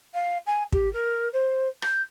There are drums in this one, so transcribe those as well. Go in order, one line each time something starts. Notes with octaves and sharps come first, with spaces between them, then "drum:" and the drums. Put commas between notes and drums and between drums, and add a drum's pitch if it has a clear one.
F5
G#5
G4, drum: kick
A#4
C5
G6, drum: rim click